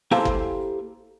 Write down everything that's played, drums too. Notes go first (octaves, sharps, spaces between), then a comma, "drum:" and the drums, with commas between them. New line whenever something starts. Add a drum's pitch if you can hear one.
A#3 E4 G4 A4 C5 G#5, drum: snare
drum: kick